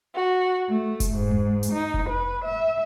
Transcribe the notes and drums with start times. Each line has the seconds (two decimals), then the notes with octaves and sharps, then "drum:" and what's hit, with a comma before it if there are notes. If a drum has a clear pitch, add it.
0.13 F#4
0.69 A3
1.00 drum: kick F1, hi-hat
1.15 G#2
1.31 drum: tom E2
1.63 drum: hi-hat
1.72 D#4
1.94 drum: kick F1
2.11 B4
2.45 E5